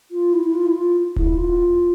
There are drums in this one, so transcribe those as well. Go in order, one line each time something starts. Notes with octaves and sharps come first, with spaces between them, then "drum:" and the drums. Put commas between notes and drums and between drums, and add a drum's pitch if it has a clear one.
F4
E4
E4
F4
E4
F4
E4, drum: kick D#1
F4